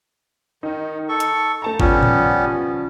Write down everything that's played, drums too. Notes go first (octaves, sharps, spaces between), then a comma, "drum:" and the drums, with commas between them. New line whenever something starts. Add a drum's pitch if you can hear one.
D#3 D#4
A4 C#6
drum: hi-hat
A3 A5 A#5
C#3 F3 G3 B3 C#4, drum: kick
drum: tom A2